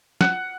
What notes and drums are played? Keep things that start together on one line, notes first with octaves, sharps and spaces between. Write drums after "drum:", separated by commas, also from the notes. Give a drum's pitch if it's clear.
F#5, drum: snare